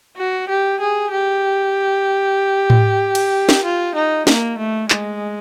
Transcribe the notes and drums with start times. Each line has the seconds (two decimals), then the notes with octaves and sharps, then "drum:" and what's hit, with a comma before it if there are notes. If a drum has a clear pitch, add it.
0.17 F#4
0.49 G4
0.80 G#4
1.12 G4
2.70 drum: tom A2
3.15 drum: cymbal
3.49 drum: snare
3.64 F4
3.95 D#4
4.27 A#3, drum: snare
4.59 A3
4.90 G#3, drum: clap